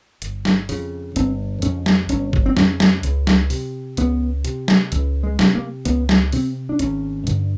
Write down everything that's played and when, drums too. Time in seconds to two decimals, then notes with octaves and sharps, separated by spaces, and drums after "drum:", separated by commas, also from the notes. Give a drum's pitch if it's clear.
0.22 G1, drum: hi-hat
0.45 drum: snare
0.69 F2 C#3, drum: open hi-hat
1.16 G1 C4, drum: hi-hat
1.62 F2 C#3 C#4, drum: hi-hat
1.86 drum: snare
2.09 G1 C#4, drum: hi-hat
2.33 drum: kick G1
2.46 C4
2.57 F2 C#3 C#4, drum: snare
2.80 drum: snare
3.03 C#2, drum: hi-hat
3.27 drum: snare
3.50 C3, drum: open hi-hat
3.97 C#2 B3, drum: hi-hat
4.45 C3, drum: hi-hat
4.68 drum: snare
4.92 C#2, drum: hi-hat
5.23 G#3
5.39 C3, drum: snare
5.55 A#3
5.85 C#2 B3, drum: hi-hat
6.09 drum: snare
6.32 C3 C4, drum: open hi-hat
6.69 D4
6.79 G#1 C#4, drum: hi-hat
7.27 G2 D3, drum: hi-hat